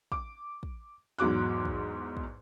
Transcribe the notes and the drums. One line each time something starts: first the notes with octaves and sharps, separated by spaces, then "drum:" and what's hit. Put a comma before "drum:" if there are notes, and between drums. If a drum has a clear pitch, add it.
D6, drum: kick
drum: kick
E2 G#2 F#3 D6 F#6
drum: kick
drum: kick